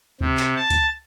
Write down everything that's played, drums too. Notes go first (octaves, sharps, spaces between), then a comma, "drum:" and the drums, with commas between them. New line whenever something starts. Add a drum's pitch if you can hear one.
C3, drum: kick C#2
drum: clap
A5
drum: kick C#2, hi-hat